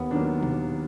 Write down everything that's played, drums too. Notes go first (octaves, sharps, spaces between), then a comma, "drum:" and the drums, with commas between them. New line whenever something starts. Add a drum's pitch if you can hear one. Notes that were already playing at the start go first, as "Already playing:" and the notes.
Already playing: D#2 B3
D#3 F#3 A#3 D4
D#2, drum: tom